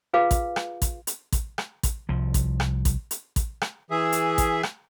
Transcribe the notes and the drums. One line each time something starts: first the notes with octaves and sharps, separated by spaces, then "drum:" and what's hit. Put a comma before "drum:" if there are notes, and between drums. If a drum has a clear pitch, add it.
F4 G#4 B4 F5
drum: kick A1, hi-hat
drum: rim click
drum: kick A1, hi-hat
drum: hi-hat
drum: kick A1, hi-hat
drum: rim click
drum: kick A1, hi-hat
C2 F3
drum: kick A1, hi-hat
drum: rim click
drum: kick A1, hi-hat
drum: hi-hat
drum: kick A1, hi-hat
drum: rim click
E3 G#4 E5
drum: hi-hat
drum: kick A1, hi-hat
drum: rim click